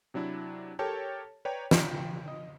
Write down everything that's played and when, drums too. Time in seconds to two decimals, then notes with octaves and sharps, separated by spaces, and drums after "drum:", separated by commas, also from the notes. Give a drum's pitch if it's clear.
0.14 C3 F#3 D4 E4
0.79 G4 A4 A#4 C#5 G5 A5
1.45 B4 C#5 D5 G5 A#5
1.71 G5, drum: snare
2.28 D#5